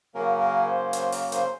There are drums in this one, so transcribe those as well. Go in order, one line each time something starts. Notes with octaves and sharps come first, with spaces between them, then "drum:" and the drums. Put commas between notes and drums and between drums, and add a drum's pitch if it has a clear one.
C#3 F#3 A#3 C#4 A#4
A#4
C5
C5, drum: hi-hat
A#4, drum: open hi-hat
C5, drum: hi-hat